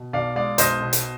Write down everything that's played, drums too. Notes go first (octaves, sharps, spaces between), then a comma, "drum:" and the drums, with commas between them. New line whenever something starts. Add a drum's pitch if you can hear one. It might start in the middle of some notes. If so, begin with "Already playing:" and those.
Already playing: B2
B1 D5 F5
G#3 D5 F5
B1 C5 D#5, drum: hi-hat
B2
drum: hi-hat